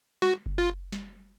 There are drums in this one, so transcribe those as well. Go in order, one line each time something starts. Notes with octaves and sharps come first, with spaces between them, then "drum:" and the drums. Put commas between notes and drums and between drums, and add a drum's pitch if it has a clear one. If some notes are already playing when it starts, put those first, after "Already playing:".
F#4, drum: snare
drum: kick F#1
F4
drum: snare